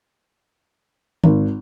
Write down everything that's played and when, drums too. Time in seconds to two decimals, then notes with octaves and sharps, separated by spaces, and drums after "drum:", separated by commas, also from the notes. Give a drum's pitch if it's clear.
1.24 G#1, drum: tom D3